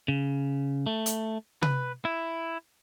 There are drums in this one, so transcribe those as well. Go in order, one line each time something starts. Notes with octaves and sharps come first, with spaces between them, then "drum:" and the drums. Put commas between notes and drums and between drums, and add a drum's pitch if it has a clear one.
C#3
A3
drum: hi-hat
B4, drum: tom C3
E4